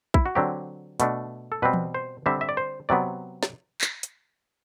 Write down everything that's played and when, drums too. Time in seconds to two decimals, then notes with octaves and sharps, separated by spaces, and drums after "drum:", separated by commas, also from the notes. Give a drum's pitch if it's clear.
0.14 E4, drum: kick
0.26 F#4
0.35 D3 F#3 C4 G4
1.00 B2 A3 D4, drum: hi-hat
1.52 A4
1.62 B2 G3 C4 B4
1.73 drum: tom E3
1.94 C5
2.26 D3 G3 C4 E5
2.41 E5
2.49 D5
2.57 C5
2.89 C3 F#3 B3 D5
3.43 drum: snare
3.81 drum: clap
4.03 drum: hi-hat